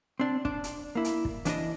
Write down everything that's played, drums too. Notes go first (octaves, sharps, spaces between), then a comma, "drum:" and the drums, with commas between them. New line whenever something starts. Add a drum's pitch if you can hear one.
C4 D4
D4, drum: kick
drum: hi-hat
A#3 E4
drum: hi-hat
drum: kick
E3 D4 D5 D#5, drum: hi-hat